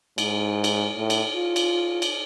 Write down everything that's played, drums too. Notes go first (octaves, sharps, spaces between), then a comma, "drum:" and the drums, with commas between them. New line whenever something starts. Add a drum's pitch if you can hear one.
G#2, drum: cymbal
drum: cymbal
A2
drum: cymbal
F4
drum: cymbal
drum: cymbal